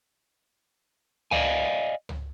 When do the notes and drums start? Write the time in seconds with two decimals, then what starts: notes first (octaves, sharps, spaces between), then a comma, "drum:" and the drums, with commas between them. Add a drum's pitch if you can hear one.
1.31 D5 D#5 F5 G#5, drum: tom C#2
2.09 drum: tom C#2